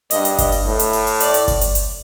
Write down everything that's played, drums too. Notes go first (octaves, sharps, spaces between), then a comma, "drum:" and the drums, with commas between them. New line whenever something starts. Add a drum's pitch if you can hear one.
G2 D#5, drum: hi-hat
drum: hi-hat
drum: kick G1, hi-hat
drum: open hi-hat
A2
drum: hi-hat
drum: open hi-hat
drum: open hi-hat
D5, drum: hi-hat
drum: hi-hat
drum: kick G1, open hi-hat
drum: hi-hat
drum: hi-hat